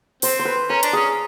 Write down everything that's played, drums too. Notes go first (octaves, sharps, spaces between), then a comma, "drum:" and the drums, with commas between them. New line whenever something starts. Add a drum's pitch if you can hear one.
C4 C5, drum: open hi-hat
C5
B4
C#4 A#4
D4, drum: hi-hat
C#4 G#4